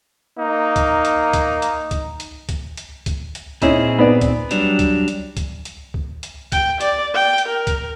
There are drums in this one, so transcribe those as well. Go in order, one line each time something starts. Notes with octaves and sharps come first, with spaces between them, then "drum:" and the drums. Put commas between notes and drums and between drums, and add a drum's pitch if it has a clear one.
A#3 D#4
drum: kick C#2, hi-hat
drum: hi-hat
drum: kick C#2, hi-hat
drum: hi-hat
drum: kick C#2, hi-hat
drum: hi-hat
drum: kick C#2, hi-hat
drum: hi-hat
drum: kick C#2, hi-hat
drum: hi-hat
A#2 C4 C#4 D#4 E4 G#4, drum: kick C#2, hi-hat
B3 D5
drum: kick C#2, hi-hat
F#3 G3 D4, drum: hi-hat
drum: kick C#2, hi-hat
drum: hi-hat
drum: kick C#2, hi-hat
drum: hi-hat
drum: kick C#2
drum: hi-hat
G5, drum: kick C#2, hi-hat
D5, drum: hi-hat
G5
drum: hi-hat
A#4
drum: kick C#2, hi-hat